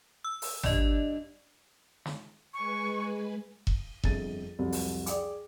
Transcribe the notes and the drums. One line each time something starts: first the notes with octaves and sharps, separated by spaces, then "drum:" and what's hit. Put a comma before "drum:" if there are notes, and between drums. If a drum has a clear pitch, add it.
E6
drum: open hi-hat
G2 D4 D5 D#5, drum: tom G#1
drum: snare
G#3 B4 G#5 C#6
drum: kick E1
G1 F2 G#4 A6 D#7, drum: kick E1
C2 F2 F#3
drum: open hi-hat
G#4 D5 G5 D6, drum: hi-hat